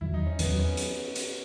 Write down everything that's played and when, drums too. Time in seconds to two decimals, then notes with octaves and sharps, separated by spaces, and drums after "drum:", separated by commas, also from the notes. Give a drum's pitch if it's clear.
0.01 E2 D#3 F#3 E4
0.14 D#4
0.26 C#4
0.39 E2 D#3 F#3 B3, drum: hi-hat
0.58 C#4
0.77 drum: hi-hat
1.16 drum: hi-hat